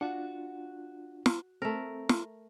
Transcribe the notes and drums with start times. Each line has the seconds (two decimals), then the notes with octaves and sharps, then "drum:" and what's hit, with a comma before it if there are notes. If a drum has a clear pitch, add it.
0.01 D4 F4 F#4 F#5
1.26 drum: snare
1.62 A3 C4 A#4
2.09 drum: snare